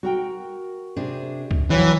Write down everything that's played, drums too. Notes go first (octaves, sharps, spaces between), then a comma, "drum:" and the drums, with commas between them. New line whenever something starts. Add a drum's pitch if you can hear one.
F#4 A#4 G5
C3 D4 G#4
drum: kick C#2
F2 E3 F#3 B4 C#5